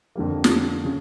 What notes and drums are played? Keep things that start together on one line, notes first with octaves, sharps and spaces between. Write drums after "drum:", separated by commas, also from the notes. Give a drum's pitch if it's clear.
F2 D3 G3 A#3
drum: snare
C#3